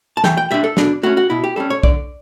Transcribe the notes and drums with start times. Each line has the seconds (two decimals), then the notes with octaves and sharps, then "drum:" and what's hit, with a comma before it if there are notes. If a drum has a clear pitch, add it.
0.17 A5
0.24 E3 G5, drum: snare
0.37 G5
0.51 G3 D4 E5
0.64 A4
0.77 B2 D4, drum: snare
1.03 A3 C#4 F#4
1.17 F#4
1.30 B2 E4
1.44 G4
1.56 G3 C#4 A4
1.70 C#5
1.83 D3 D5, drum: kick B1